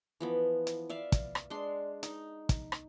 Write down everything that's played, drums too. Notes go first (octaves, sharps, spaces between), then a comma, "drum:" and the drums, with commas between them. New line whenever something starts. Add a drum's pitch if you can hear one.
E3 F3 B3
drum: hi-hat
D5 E5 F5
drum: kick, hi-hat
drum: rim click
G#3 D4 C6
D#4, drum: hi-hat
drum: kick, hi-hat
drum: rim click